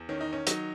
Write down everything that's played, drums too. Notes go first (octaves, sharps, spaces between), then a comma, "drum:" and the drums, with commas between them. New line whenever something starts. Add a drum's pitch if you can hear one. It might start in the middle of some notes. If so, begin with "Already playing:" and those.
Already playing: E2
D#3 C#4
D#4
C#4
F#3 D#4, drum: hi-hat